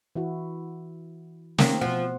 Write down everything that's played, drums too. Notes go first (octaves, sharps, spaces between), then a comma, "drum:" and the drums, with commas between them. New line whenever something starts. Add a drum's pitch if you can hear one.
E3 E4 F#4
D#3 A#3 C4, drum: snare
B2 F3 F#5